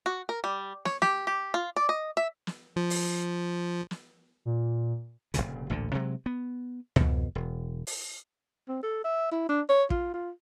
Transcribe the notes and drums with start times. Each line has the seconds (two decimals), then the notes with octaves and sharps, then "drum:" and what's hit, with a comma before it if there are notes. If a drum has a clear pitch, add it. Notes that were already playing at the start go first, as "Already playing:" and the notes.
0.06 F#4
0.29 A#4
0.44 G3
0.85 C#5, drum: snare
1.02 G4, drum: snare
1.27 G4
1.54 F4
1.76 D5
1.89 D#5
2.17 E5
2.47 drum: snare
2.76 F3
2.90 drum: open hi-hat
3.91 drum: snare
4.45 A#2
5.34 F1 C2 A#2 C#3, drum: hi-hat
5.70 A1 D2 A#2 D3
5.94 C3 F#3 G#3
6.26 B3
6.96 F2 B2, drum: tom C#2
7.35 E1
7.87 drum: open hi-hat
8.68 C4
8.83 A4
9.04 E5
9.32 E4
9.49 D4
9.69 C#5
9.90 F4, drum: kick
10.14 F4